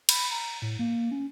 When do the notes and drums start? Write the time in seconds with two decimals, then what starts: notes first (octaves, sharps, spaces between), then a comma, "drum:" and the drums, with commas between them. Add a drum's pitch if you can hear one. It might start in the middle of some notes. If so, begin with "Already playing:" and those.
0.09 B5, drum: cymbal
0.31 A#5
0.62 A2
0.79 A#3
1.11 C#4